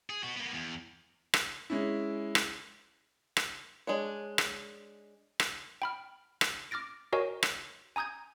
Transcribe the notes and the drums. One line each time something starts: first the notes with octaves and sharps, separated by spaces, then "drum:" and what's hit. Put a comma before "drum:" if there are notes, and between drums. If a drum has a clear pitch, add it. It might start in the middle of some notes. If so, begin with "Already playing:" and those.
G#4
B3 F#4
A#3 B3
E2
drum: rim click
G#3 C#4 E4
drum: rim click
drum: rim click
G#3 D4 C#5
drum: rim click
drum: rim click
G5 B5 F6
drum: rim click
D6 F6 A6 A#6 D7
F#4 A#4 C#5 D#5 G#5
drum: rim click
G#5 A#5 D#6 G6 G#6